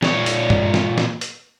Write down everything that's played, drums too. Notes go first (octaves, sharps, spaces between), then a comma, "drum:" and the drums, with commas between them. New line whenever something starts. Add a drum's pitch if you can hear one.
A#2 C#5, drum: snare
drum: hi-hat
drum: tom G2
drum: snare
drum: snare
drum: hi-hat